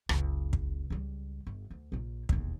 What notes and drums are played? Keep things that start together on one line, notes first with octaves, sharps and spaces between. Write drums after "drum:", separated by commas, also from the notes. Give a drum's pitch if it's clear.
F#1 C#2, drum: rim click
drum: kick
C#2 G3
G1
D2
A#1 A#2
E1 D#2, drum: kick